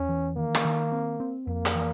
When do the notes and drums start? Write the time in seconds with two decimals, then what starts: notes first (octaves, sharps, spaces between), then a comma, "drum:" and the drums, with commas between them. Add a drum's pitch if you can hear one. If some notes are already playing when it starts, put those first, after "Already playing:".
Already playing: E2 C#4
0.09 E3
0.37 D#3 A#3
0.55 drum: clap
0.65 D#3
0.92 C4
1.20 C4
1.47 F2 A#3
1.66 drum: clap
1.75 E3